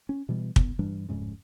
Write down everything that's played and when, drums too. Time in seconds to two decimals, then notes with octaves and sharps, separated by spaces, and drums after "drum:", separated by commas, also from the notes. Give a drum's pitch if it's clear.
0.09 C#4
0.29 B2 E3 G3 B3
0.56 C2 B3, drum: kick
0.79 G2 E3 G3 D4
1.09 D1 F2 G#2 C#3